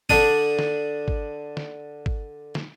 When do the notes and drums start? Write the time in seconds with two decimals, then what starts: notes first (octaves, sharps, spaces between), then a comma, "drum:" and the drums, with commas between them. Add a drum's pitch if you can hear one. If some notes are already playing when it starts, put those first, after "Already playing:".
0.09 D3 D4 D#6, drum: kick
0.59 drum: snare
1.08 drum: kick
1.57 drum: snare
2.06 drum: kick
2.55 drum: snare